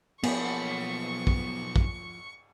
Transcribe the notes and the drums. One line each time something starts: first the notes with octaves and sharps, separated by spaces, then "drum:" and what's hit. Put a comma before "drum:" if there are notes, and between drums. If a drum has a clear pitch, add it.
B1 F3 A#3 B3 G#4 B5 C#6, drum: cymbal
drum: kick
drum: kick